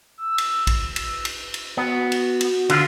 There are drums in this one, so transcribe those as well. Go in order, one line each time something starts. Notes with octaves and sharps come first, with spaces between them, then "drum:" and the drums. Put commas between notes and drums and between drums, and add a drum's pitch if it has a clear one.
E6
drum: cymbal
drum: kick, cymbal
drum: cymbal
drum: cymbal
drum: cymbal
B3 F#4
drum: cymbal
drum: cymbal
D3 F4, drum: cymbal